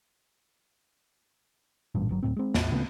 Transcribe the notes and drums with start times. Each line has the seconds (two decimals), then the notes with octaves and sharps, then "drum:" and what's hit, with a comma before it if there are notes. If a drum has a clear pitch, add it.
1.95 A1 G2 A#2
2.09 G1 G2 F#3
2.23 D1 A2 C4
2.37 G#3 C4
2.54 A1 E2, drum: snare
2.71 D1 C#3 A3 B3